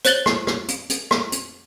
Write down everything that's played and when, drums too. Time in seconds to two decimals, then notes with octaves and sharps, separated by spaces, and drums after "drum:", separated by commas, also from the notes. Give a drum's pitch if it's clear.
0.05 C5 C#5 F#6 A6 F#7 G7, drum: hi-hat
0.26 drum: rim click
0.47 drum: rim click
0.68 drum: hi-hat
0.90 drum: hi-hat
1.11 drum: rim click
1.32 drum: hi-hat